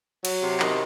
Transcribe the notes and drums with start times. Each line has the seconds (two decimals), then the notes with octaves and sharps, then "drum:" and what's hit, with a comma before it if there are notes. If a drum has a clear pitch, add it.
0.25 F#3, drum: cymbal
0.42 C3
0.60 D#3, drum: clap